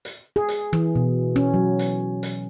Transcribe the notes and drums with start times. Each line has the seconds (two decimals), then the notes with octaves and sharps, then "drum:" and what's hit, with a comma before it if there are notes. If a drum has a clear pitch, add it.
0.05 drum: hi-hat
0.36 G#4
0.49 drum: hi-hat
0.73 E3, drum: rim click
0.95 B2
1.36 C#4, drum: rim click
1.54 F#3
1.79 drum: hi-hat
2.23 drum: hi-hat